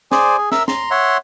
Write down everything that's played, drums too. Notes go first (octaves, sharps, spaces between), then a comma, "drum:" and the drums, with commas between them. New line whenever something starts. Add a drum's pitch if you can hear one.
G#4 C5 D5 G#5, drum: snare
G#4
A#4 E5 E6, drum: snare
A#5 C6, drum: snare
C#5 E5 F#5 C6